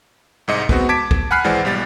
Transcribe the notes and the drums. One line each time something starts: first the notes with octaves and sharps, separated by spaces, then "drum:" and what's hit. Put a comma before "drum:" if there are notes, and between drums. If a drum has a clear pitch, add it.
C2 G#2 D#5 C#7
G#3 B3 C4 F#4, drum: kick
A5 D6 G#6 B6 D7
drum: kick
F#5 G#5 B5 F6 F#6 C7
G#1 E3 G#3 C5 D5 F#5
B1 G3 A6